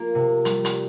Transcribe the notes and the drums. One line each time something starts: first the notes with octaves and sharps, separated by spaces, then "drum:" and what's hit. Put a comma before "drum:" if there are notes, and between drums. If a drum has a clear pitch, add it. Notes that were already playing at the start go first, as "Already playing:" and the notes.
Already playing: A#3 F4
C3
G3, drum: hi-hat
drum: hi-hat